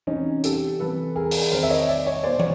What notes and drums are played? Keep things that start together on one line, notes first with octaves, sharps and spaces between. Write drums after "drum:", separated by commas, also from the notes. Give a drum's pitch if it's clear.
C3 E3 C#4 D#4
G4 A4, drum: hi-hat
C3 E3 A4 B4
G#4 A#4
drum: open hi-hat
C3 D#3 A#4 C5
E5
C#5 D#5
D5 E5
C#5 D#5
B2 C5 D5
C#5, drum: tom